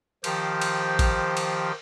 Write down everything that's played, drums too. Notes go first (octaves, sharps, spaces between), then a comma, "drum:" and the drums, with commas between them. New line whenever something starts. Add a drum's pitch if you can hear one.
D#3 F3 G4 C5, drum: cymbal
drum: cymbal
drum: kick, cymbal
drum: cymbal